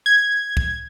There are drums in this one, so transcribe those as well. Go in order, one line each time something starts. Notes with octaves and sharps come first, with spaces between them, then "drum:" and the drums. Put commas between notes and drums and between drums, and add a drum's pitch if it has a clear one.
G#6
drum: kick C2